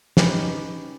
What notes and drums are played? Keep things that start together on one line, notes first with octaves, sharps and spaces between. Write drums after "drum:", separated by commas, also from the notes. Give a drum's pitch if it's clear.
C#4 D#4 G4 B4, drum: snare